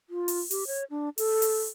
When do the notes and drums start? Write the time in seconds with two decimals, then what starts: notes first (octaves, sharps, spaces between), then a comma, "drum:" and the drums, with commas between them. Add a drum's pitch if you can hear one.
0.10 F4
0.28 drum: open hi-hat
0.51 G4, drum: open hi-hat
0.67 C#5
0.90 D4
1.18 A4, drum: open hi-hat
1.42 drum: open hi-hat